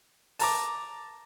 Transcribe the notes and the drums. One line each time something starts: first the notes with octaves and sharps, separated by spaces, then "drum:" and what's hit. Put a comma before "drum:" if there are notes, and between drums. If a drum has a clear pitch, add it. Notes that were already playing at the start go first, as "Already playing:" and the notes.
A5 A#5 D6, drum: open hi-hat